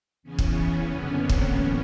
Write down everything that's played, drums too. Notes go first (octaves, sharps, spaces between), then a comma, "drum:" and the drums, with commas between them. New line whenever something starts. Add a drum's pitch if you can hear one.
E2 C#3 E3 B3 C#4
drum: kick
F#2 D3
A#3 C4
drum: kick
A2 E3 B3 C#4